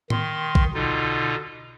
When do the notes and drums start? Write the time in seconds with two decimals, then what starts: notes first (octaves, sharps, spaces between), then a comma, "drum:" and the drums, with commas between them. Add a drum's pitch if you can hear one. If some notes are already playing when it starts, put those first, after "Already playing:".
0.10 D#3 C6, drum: tom A2
0.55 drum: kick A#1
0.74 B2 D3 D#4 F4